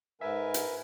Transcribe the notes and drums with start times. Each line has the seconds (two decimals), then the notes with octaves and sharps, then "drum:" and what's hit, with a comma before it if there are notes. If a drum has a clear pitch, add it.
0.21 G#2 A#4 B4 E5 G#5
0.54 drum: hi-hat